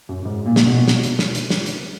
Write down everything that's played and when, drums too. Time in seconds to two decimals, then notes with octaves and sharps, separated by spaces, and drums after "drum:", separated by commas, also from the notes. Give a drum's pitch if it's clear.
0.09 F#2
0.25 G#2
0.46 A#2
0.56 drum: snare
0.66 B1 B2
0.88 drum: snare
1.03 drum: hi-hat
1.19 drum: snare
1.35 drum: hi-hat
1.50 drum: snare
1.66 drum: hi-hat